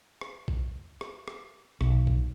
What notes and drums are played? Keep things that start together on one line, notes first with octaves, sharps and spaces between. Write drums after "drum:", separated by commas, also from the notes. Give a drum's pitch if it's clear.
drum: rim click
drum: kick B1
drum: rim click
drum: rim click
B1, drum: rim click
drum: kick B1